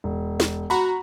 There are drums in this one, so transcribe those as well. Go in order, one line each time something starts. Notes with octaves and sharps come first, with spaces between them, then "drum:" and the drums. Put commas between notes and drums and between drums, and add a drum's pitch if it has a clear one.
E1
drum: snare
F#4 A#5 B5